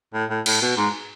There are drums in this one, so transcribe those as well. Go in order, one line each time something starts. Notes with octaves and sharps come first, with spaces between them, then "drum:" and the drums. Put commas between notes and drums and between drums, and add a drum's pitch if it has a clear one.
A2
A2
A2, drum: cymbal
B2
G#2